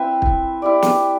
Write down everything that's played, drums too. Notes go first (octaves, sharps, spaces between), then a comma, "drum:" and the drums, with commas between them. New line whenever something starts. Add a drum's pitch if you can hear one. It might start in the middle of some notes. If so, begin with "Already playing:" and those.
Already playing: C4 E4 B4 E5
drum: kick
E4 G4 D5
drum: snare